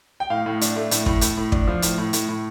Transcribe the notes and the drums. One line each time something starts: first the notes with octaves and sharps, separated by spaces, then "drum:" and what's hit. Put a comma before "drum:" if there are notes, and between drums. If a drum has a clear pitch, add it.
G5
A2 F5
A2
D4, drum: hi-hat
A3
A2, drum: hi-hat
A2, drum: kick
A2, drum: hi-hat
A2
D4, drum: kick
F3
A2, drum: hi-hat
A2
A2, drum: hi-hat
A2